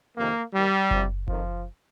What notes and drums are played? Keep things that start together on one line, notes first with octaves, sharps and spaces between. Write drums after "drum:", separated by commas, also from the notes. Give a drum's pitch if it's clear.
F2 C3 D#3 A#3
D#2 D#3 G3
D2 C3 F3, drum: kick F#1
F2 D#3 F3, drum: kick F#1